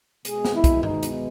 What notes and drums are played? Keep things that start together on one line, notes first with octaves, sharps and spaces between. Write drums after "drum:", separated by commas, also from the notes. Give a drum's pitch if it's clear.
B2 G#3 B3 G#4, drum: hi-hat
drum: snare
E4
drum: kick, hi-hat
D#4, drum: tom G2
drum: hi-hat